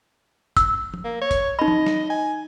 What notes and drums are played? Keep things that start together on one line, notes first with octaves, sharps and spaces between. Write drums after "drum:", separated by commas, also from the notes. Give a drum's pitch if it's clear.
E6, drum: kick G1, hi-hat
drum: tom
A#3
C#5
drum: kick G1, hi-hat
D#4 D#5 B5
drum: tom
drum: snare
G#5